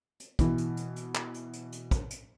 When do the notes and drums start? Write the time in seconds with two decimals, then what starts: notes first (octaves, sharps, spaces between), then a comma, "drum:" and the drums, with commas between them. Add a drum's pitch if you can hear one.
0.20 drum: hi-hat
0.39 B2 E3, drum: kick, hi-hat
0.58 drum: hi-hat
0.77 drum: hi-hat
0.96 drum: hi-hat
1.15 drum: clap
1.34 drum: hi-hat
1.53 drum: hi-hat
1.72 drum: hi-hat
1.91 drum: kick, hi-hat
2.10 drum: hi-hat